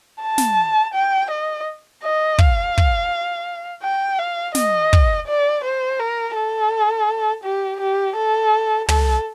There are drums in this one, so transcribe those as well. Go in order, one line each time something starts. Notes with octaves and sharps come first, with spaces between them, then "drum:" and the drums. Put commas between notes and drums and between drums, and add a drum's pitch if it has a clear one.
A5
drum: snare
G5
D#5
D#5
F5, drum: kick
drum: kick
G5
F5
D#5, drum: snare
drum: kick
D5
C5
A#4
A4
G4
G4
A4
A4, drum: tom